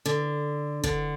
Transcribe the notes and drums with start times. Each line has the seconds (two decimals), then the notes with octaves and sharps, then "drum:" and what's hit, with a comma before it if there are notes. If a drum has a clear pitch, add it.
0.06 D3
0.84 D3, drum: kick